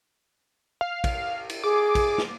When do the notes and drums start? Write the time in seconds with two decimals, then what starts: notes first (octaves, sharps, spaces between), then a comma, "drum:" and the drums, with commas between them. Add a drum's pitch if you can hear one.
0.81 F5
1.04 drum: kick A#1, cymbal
1.50 drum: cymbal
1.64 G#4 D6
1.95 drum: kick A#1, cymbal
2.18 drum: snare